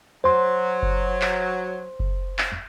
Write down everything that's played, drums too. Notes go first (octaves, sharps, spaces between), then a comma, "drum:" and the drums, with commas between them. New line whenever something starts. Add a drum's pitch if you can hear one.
F#3 C5 C6
drum: kick F#1
drum: clap
drum: kick F#1
drum: clap